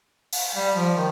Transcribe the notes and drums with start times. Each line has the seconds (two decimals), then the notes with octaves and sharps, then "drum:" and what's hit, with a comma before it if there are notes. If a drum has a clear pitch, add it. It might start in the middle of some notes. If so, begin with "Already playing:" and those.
0.32 drum: open hi-hat
0.55 G3
0.76 F3
0.95 D#3